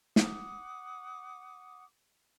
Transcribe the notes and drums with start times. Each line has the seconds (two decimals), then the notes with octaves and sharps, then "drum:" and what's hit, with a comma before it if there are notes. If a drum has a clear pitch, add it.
0.16 F#5 D6 D#6, drum: snare